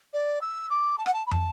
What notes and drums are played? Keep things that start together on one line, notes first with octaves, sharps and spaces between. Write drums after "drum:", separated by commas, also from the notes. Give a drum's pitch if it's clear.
D5
E6
D6
A5
F#5, drum: rim click
A5
B5
A5, drum: tom